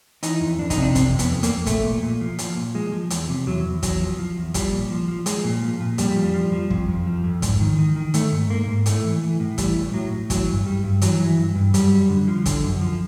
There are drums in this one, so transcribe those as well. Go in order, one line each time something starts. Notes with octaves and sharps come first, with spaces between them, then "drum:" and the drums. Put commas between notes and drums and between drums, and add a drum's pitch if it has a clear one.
E3 D#4, drum: hi-hat
F2
F2 D4
D#4, drum: kick, hi-hat
C3
D4
F2 C4, drum: kick, hi-hat
F2
B3, drum: hi-hat
F2
A#3, drum: hi-hat
F2
A#2 A3, drum: kick, hi-hat
A#2
A#2
F3
F3, drum: hi-hat
A#2
F3 G#3
F3
E2, drum: hi-hat
C3
E2 F#3
E2
E2 F#3, drum: kick, hi-hat
F3
F3
E2
F3 G3, drum: kick, hi-hat
A#2
F3
F3
F3 G#3, drum: hi-hat
A#2
F3
A#2
F2 G3, drum: hi-hat
F3
F3
F3
F2, drum: kick
F2
F3
F2
G#2, drum: kick, hi-hat
D#3
D#3
D#3
D#3 A3, drum: hi-hat
G#2
G#2 A#3
G#2
A2 A3, drum: hi-hat
E3
E3
A2
E3 G3, drum: kick, hi-hat
A2
A2 F#3
A2
E3 F#3, drum: kick, hi-hat
G2
G2 G3
G2
E3 F#3, drum: hi-hat
E3
G2
G2
F#2 G3, drum: hi-hat
F#2
D3
F3
D3, drum: kick, hi-hat
F#2
F3